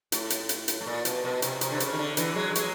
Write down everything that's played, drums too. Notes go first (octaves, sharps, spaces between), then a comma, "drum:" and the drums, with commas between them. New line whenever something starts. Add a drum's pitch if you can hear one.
A2, drum: hi-hat
drum: hi-hat
drum: hi-hat
drum: hi-hat
A2
A#2
B2, drum: hi-hat
B2
C3, drum: hi-hat
C3, drum: hi-hat
D3
C#3, drum: hi-hat
D#3
D3
D3 E3, drum: hi-hat
F#3 G#3
F#3 G#3, drum: hi-hat